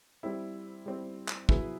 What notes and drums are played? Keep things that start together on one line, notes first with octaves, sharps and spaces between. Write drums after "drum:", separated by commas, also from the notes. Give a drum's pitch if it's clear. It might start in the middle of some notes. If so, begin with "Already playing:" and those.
G3 C4 E4
G3 C4 E4
drum: clap
F#3 B3 E4 G#4 B4, drum: kick